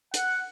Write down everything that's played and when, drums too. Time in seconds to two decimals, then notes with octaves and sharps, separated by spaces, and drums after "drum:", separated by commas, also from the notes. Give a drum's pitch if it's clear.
0.14 F#5, drum: hi-hat